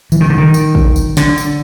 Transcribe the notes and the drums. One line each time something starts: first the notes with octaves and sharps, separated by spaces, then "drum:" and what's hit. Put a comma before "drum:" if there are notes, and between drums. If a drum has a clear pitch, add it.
E3, drum: tambourine
D#3
D3
D#3
drum: tambourine
drum: kick
drum: tambourine
D3, drum: snare
drum: tambourine